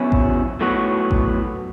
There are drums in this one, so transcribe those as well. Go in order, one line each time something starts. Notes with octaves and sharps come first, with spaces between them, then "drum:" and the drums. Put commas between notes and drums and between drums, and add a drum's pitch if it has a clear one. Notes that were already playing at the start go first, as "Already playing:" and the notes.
Already playing: E2 B2 F#3 C#4 E4
drum: kick A1
A2 F#3 B3 F#4
drum: kick A1